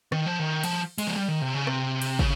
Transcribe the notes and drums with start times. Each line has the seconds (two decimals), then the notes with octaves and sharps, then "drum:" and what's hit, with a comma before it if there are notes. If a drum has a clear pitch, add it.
0.12 D#3, drum: rim click
0.26 F3
0.39 D#3
0.64 F3, drum: cymbal
0.98 G#3, drum: cymbal
1.07 F3
1.16 G3
1.28 D#3
1.42 C3
1.54 C#3
1.67 C3, drum: rim click
2.02 drum: cymbal
2.19 C#3, drum: kick